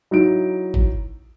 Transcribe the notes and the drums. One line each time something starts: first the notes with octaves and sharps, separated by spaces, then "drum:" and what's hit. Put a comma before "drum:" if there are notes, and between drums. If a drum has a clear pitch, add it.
F#3 D#4 E4 D7
drum: kick